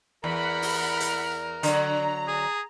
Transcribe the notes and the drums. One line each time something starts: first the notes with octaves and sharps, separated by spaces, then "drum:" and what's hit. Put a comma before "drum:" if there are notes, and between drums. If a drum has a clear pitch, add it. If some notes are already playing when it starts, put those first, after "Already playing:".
E2 A#4 F#5 B5
drum: open hi-hat
drum: hi-hat
D3 F#3 A#5, drum: hi-hat
G#4